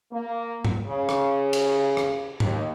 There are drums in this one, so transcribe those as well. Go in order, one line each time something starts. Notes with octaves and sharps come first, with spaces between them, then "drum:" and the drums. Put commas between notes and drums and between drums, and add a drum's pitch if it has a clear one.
A#3
drum: tom G#2
C#3
drum: rim click
drum: cymbal
drum: rim click
D#2, drum: tom G#2